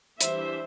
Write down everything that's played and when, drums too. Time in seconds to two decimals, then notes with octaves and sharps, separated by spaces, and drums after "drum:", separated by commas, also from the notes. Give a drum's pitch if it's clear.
0.21 E3 G3 D4 C5 E5, drum: hi-hat